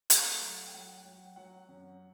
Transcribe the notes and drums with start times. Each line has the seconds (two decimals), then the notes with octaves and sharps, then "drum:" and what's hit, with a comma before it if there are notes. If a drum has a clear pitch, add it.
0.10 A3 F#5, drum: hi-hat
0.41 F#3
0.67 G5
0.74 F#3 F#5
1.05 F#3 G5
1.36 F#3 F#5
1.69 F#2